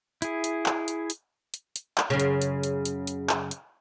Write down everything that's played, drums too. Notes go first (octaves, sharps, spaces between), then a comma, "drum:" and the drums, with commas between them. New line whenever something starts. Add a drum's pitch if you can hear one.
E4 G#4, drum: hi-hat
drum: hi-hat
drum: clap
drum: hi-hat
drum: hi-hat
drum: hi-hat
drum: hi-hat
drum: clap
F#2 C#3
drum: hi-hat
drum: hi-hat
drum: hi-hat
drum: hi-hat
drum: hi-hat
drum: clap
drum: hi-hat